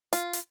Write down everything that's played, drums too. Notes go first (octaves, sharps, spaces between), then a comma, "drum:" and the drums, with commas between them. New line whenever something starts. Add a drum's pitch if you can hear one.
F4, drum: hi-hat
drum: hi-hat